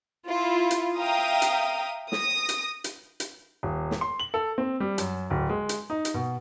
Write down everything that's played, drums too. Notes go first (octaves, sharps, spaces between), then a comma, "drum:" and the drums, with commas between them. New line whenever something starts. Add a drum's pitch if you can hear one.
E4 F4
drum: hi-hat
E5 F5 G5 A#5 D#6
drum: hi-hat
D#6 A#6, drum: snare
drum: hi-hat
drum: hi-hat
drum: hi-hat
D#1
drum: snare
C6
F#7
A4
C4
G3
F#2, drum: hi-hat
D1
G#3
drum: hi-hat
D#4
drum: hi-hat
B2